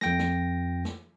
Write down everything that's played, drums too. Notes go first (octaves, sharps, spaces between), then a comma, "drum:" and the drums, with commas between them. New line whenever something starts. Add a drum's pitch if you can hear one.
F2 G5 A#6, drum: snare
drum: snare
drum: snare